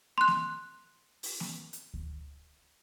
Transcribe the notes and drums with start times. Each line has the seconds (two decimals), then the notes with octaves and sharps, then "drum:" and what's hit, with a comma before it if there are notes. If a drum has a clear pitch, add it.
0.18 C6 F#6
0.28 drum: snare A#3
1.23 drum: open hi-hat
1.40 drum: snare A#3
1.73 drum: hi-hat
1.94 drum: kick D2